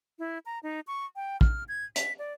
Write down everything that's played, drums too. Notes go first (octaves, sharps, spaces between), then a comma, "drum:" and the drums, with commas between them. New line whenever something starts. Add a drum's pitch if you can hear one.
E4
A#5
D#4
C#6
G5
F6, drum: kick
G#6
B6, drum: hi-hat
D5